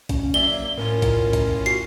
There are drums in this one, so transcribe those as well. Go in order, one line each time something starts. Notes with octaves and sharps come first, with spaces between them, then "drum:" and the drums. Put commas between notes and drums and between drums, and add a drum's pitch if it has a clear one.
C#4, drum: kick A#1, hi-hat
F#3 A#3 D5 E5 G7
A2 C#4 F4 A#4
drum: kick A#1, hi-hat
drum: kick A#1, hi-hat
F#4 C7, drum: hi-hat